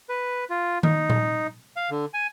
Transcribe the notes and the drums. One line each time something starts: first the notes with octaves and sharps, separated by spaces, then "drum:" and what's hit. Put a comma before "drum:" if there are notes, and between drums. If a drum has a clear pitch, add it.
B4
F4
D#4, drum: tom D#3
drum: tom A#2
F5
D3
G#5